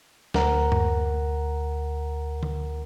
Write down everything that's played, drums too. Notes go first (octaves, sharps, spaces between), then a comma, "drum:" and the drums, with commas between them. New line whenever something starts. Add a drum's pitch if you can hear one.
D2 A#4 F#5 A#5, drum: snare
drum: tom F#2
drum: tom D3